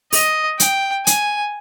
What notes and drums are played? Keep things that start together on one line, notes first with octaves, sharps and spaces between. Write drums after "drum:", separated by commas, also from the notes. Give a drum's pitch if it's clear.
D#5, drum: open hi-hat
G5, drum: hi-hat
G#5, drum: hi-hat